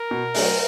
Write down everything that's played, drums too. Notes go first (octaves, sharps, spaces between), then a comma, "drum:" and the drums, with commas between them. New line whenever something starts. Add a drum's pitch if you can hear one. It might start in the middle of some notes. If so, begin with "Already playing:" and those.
Already playing: A#4
B2
F#3 A3 D4, drum: open hi-hat